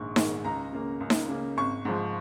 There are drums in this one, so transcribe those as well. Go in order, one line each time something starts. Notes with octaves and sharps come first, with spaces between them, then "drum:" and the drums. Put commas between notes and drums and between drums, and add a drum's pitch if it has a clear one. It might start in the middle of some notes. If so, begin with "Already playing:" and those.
Already playing: A#1 G#2 D#3 G#3 C#6
G#2 D#3 G#3, drum: snare D#4
C#2 A#5
C#3 A#3
C#2
drum: snare D#4
C#3 A#3
G#1 C#6
G#2 F3